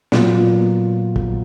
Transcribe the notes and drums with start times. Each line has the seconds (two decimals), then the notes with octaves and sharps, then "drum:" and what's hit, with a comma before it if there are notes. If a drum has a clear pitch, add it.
0.12 A#2 F#3 B3 F4, drum: snare
1.16 drum: kick